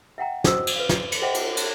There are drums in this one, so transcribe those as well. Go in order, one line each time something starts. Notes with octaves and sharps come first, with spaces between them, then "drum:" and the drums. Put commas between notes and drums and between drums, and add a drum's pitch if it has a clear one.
E5 F#5 G5 A#5
F#4 C5 D#5 D#6 E6, drum: snare
drum: cymbal
B4 F5
drum: snare
drum: cymbal
G#4 C5 D#5 E5 F#5 G5
drum: cymbal
drum: cymbal